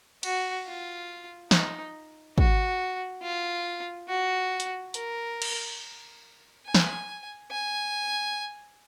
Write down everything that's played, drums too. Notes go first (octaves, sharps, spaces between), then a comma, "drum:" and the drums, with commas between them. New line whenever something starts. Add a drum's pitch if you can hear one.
F#4, drum: cymbal
F4
D#4, drum: snare
F#4, drum: kick
F4
F#4
drum: hi-hat
A#4, drum: hi-hat
drum: cymbal
G#5
drum: snare
G#5